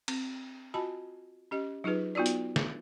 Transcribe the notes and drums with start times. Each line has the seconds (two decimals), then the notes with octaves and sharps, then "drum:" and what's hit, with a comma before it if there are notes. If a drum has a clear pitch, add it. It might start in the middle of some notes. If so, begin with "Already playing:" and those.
0.08 C4, drum: cymbal
0.74 F4 F#4 D#5 G#5 A5 B5
1.51 C#4 G4 D#5
1.84 F#3 D#4 F4 G#4 B4
2.15 B3 D#4 F4 F#4 D5
2.26 drum: hi-hat
2.56 drum: snare